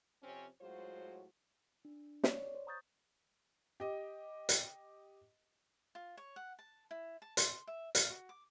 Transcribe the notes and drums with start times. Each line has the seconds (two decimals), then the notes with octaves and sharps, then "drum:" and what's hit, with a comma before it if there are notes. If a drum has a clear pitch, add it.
0.23 F2 C3 C4 C#4
0.61 A2 F#3 G#3 F4 F#4 C5
1.85 D4
2.24 C#5 D5, drum: snare
2.55 C5
2.67 A#5 C#6 D#6 G6 A6
3.80 G4 D#5
4.49 drum: hi-hat
5.95 F4
6.17 C#5
6.36 F#5
6.59 A5
6.91 E4
7.22 A5
7.37 C6, drum: hi-hat
7.67 E5
7.95 F5, drum: hi-hat
8.10 F#4
8.29 D6